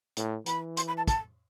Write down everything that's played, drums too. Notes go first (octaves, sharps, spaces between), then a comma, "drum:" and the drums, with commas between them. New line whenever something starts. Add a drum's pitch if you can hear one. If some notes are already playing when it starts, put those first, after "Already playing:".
A2, drum: hi-hat
E3 B5, drum: hi-hat
C6, drum: hi-hat
B5
A5
A5, drum: kick, hi-hat